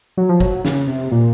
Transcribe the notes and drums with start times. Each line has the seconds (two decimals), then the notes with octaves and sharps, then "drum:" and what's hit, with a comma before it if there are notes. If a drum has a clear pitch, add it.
0.17 F#3
0.29 F3
0.40 F#3, drum: kick
0.65 C#3, drum: snare
0.87 C3
1.11 A#2